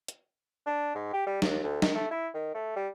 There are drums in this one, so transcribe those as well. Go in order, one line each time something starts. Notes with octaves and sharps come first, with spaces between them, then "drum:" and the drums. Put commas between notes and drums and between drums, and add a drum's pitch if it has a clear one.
drum: hi-hat
D4
G#2
G4
G3
D#2, drum: snare
D2
D#3, drum: snare
A3
E4
D#3
A3
G3